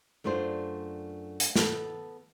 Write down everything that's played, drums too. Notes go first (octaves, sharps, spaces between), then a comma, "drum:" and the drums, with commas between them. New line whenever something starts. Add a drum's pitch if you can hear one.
F#2 A3 D4 F4 C5
drum: hi-hat
B3 A4, drum: snare